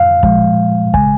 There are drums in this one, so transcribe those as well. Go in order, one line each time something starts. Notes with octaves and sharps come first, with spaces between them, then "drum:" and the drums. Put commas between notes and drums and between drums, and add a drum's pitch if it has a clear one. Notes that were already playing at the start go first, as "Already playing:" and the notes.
Already playing: F2 F5
A#2 F3 G#3, drum: kick
C#3 G#3 G#5, drum: kick